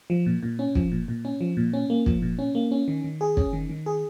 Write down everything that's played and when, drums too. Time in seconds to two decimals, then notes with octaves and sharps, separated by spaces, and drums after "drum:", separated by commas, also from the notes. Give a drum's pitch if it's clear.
0.10 F3
0.26 A#2
0.43 A#2
0.59 C#4
0.75 F3, drum: kick
0.92 A#2
1.08 A#2
1.25 C#4
1.41 F3
1.57 A#2
1.73 C#4
1.90 A#3
2.06 F3, drum: kick
2.22 A#2
2.39 C#4
2.55 A#3
2.71 C#4
2.88 D#3
3.04 D#3
3.21 G#4
3.37 C#4, drum: kick
3.53 D#3
3.69 D#3
3.86 G#4